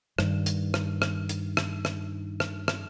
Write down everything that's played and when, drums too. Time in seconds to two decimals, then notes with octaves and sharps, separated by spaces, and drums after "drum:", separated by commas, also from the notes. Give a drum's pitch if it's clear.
0.19 G2 D#3, drum: rim click
0.46 drum: hi-hat
0.74 drum: rim click
1.02 drum: rim click
1.29 drum: hi-hat
1.57 drum: rim click
1.85 drum: rim click
2.40 drum: rim click
2.68 drum: rim click